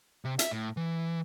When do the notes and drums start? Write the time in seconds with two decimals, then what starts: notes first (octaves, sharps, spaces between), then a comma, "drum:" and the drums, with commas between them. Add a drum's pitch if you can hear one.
0.25 C3
0.39 E5, drum: hi-hat
0.52 A2
0.77 E3